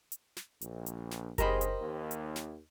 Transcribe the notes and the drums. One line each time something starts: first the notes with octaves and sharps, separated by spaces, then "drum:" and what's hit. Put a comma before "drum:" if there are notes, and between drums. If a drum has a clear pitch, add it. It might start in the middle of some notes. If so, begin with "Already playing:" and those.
drum: hi-hat
drum: snare
A#1, drum: hi-hat
drum: hi-hat
drum: snare
A#1 D#2 G4 G#4 A#4 C5 D#5 B5, drum: kick F#1, hi-hat
drum: hi-hat
D#2
drum: hi-hat
drum: snare